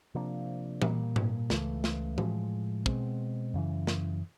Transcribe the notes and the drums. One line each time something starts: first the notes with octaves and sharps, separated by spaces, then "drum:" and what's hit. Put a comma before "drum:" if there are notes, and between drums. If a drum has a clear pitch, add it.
C3 F3 A#3 D4
A#2 G3 A#3, drum: tom E3
drum: tom G#2
C#2 C#3 E3 A3, drum: snare
drum: snare
A2 F3 G#3, drum: tom E3
B2 G#3 C4, drum: kick
F#2 C#3 E3
drum: snare